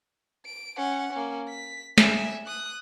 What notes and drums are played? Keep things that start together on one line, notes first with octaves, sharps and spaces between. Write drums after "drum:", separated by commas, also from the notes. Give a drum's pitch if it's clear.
D7
C#4 F#5
A#3 C#4
B6
E5 G#5, drum: snare
D#6 F#6